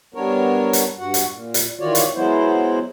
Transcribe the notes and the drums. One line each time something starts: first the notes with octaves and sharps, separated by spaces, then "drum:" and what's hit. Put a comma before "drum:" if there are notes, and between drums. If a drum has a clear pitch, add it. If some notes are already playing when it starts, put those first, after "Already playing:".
G3 B3 D4 A#4 C#5
drum: hi-hat
G2 F#4 F#5
drum: hi-hat
A#2
drum: hi-hat
D#3 E3 F4 F#4 C#5 D5
drum: hi-hat
F#3 G#3 B3 E4 C5